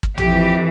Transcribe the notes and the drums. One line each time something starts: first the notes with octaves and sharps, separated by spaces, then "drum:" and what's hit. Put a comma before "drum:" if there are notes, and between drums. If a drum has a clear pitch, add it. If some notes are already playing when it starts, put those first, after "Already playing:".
drum: kick
F2 E3 G4, drum: tom A1